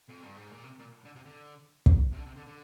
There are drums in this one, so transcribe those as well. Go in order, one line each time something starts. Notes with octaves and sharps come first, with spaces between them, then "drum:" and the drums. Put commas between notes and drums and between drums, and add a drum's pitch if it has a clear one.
F2
G2
G#2
A#2
C3
A#2
D3
C3
D3
drum: kick
C3
D3
C3
D3
D3